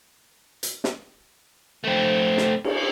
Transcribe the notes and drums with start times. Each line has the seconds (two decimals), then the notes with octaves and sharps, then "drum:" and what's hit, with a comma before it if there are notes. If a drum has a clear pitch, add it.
0.63 drum: hi-hat
0.84 drum: snare
1.85 A3 C4
2.38 drum: snare
2.64 drum: cymbal